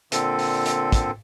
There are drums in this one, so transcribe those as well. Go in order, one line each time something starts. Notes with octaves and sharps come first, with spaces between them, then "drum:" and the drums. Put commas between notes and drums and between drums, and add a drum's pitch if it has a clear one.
A#2 D3 C4 A4, drum: hi-hat
drum: open hi-hat
drum: hi-hat
drum: kick, hi-hat